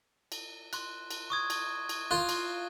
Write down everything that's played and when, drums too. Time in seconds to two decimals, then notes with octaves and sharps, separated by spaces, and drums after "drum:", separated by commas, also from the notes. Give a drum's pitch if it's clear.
0.32 drum: cymbal
0.73 C6 F#6, drum: cymbal
1.11 drum: cymbal
1.30 C#6 D#6 G#6
1.50 drum: cymbal
1.89 drum: cymbal
2.11 F4 F#6
2.29 drum: cymbal